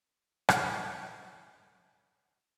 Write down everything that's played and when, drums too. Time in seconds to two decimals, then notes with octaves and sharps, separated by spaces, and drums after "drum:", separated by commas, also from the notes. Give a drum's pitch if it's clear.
0.10 C4 C#4 C#5 D6
0.49 drum: rim click